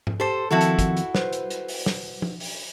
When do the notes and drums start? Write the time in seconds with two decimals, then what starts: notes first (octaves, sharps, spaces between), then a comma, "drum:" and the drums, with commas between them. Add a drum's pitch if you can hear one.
0.07 drum: tom G#2
0.20 G4 A4 C5 A5
0.51 D#3 F3 C4 E4 F#4 A4
0.61 drum: hi-hat
0.79 drum: kick, hi-hat
0.97 drum: hi-hat
1.15 B4 C5, drum: snare
1.33 drum: hi-hat
1.50 drum: hi-hat
1.68 drum: open hi-hat
1.86 drum: snare
2.22 drum: tom
2.40 drum: open hi-hat